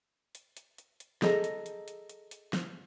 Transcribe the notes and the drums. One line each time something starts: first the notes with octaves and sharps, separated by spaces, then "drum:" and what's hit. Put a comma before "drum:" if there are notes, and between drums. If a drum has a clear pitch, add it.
drum: hi-hat
drum: hi-hat
drum: hi-hat
drum: hi-hat
G#4 A4 D#5 A#5, drum: snare
drum: hi-hat
drum: hi-hat
drum: hi-hat
drum: hi-hat
drum: hi-hat
drum: snare